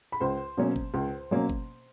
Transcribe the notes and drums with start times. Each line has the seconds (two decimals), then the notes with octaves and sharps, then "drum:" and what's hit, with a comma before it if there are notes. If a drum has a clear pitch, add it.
0.12 B5
0.20 C#2 C5 C6
0.57 B2 F#3 A#3 C#4
0.76 drum: kick G1
0.94 C#2
1.31 B2 F#3 A#3 C#4
1.49 drum: kick G1